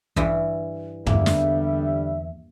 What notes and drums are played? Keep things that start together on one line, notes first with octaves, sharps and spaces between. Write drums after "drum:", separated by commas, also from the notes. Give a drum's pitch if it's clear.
G2 E3, drum: kick
E2 D3 G3 A#3 B3 E5, drum: tom
drum: snare